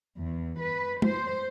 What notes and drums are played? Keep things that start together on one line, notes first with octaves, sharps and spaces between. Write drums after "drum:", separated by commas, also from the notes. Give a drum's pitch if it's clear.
E2
B4
C5, drum: tom G#3